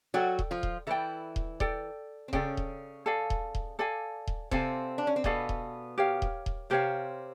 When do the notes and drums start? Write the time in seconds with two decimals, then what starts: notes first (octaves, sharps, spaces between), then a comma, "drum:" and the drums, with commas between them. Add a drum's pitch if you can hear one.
0.14 F#3 F#4 A4 D5 G5
0.39 drum: kick D#1
0.51 F3 F4
0.63 drum: kick D#1
0.87 E3 E4 A4 D5 G5
1.36 drum: kick D#1
1.60 A4 D5 G5, drum: kick D#1
2.28 C4
2.33 C#3 C#4 A4 D5 G5, drum: kick D#1
2.57 drum: kick D#1
3.06 A4 D5 F5 G#5
3.30 drum: kick D#1
3.55 drum: kick D#1
3.79 A4 D5 F5 G#5
4.27 drum: kick D#1
4.51 C3 C4 A4 D5 F5 G#5, drum: kick D#1
4.98 D4
5.07 C#4
5.16 C4
5.24 B2 B3 A4 D5 F5 G#5, drum: kick D#1
5.49 drum: kick D#1
5.98 G4 A#4 C#5 F5
6.22 drum: kick D#1
6.46 drum: kick D#1
6.70 C3 C4 G4 A#4 C#5 F5